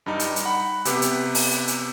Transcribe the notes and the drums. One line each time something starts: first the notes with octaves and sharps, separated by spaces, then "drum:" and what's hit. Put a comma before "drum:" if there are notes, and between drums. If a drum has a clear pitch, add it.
G2 G3 D#4
drum: hi-hat
drum: hi-hat
F#5 B5
C3 B3 G4 B4, drum: hi-hat
drum: hi-hat
drum: open hi-hat
drum: hi-hat
drum: hi-hat